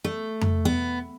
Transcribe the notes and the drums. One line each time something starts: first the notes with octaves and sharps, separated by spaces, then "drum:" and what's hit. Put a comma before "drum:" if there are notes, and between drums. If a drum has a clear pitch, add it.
A3
drum: tom F2
B3